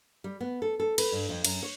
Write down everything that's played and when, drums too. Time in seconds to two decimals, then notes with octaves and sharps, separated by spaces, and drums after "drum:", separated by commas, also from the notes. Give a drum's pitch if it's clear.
0.24 G3
0.41 B3
0.62 A4
0.80 A4
0.98 B4, drum: cymbal
1.12 G2
1.29 F2
1.45 F#2, drum: cymbal
1.63 C#5